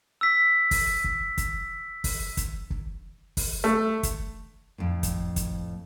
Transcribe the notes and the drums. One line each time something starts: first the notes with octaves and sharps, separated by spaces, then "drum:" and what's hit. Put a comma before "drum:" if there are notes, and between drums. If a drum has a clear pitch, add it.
E6 B6
drum: kick, open hi-hat
drum: kick
drum: kick, hi-hat
drum: kick, open hi-hat
drum: kick, hi-hat
drum: kick
drum: kick, open hi-hat
A3
drum: kick, hi-hat
F2 A2
drum: kick, hi-hat
drum: kick, hi-hat